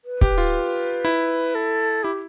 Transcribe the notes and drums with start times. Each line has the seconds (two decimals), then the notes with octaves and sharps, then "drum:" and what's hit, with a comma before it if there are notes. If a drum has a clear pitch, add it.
0.05 B4
0.21 G4, drum: kick
0.38 F4
1.05 E4
1.55 A4
2.04 E4 G4